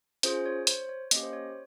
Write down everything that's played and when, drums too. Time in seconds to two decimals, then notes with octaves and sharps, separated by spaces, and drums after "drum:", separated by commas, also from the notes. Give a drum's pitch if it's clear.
0.23 C#4 F4 G#4 C5, drum: hi-hat
0.46 C#5
0.67 C5, drum: hi-hat
0.89 C#5
1.11 A#3 C#4 G4 D#5, drum: hi-hat
1.23 C5
1.33 C#5